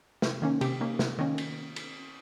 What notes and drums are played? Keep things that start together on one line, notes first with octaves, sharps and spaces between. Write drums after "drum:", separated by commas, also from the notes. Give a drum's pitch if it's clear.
C3, drum: snare
D#3 A#3 C#4
C3 G4, drum: cymbal
D#3 A#3 C#4
C3, drum: snare
D#3 A#3 C#4
drum: cymbal
drum: cymbal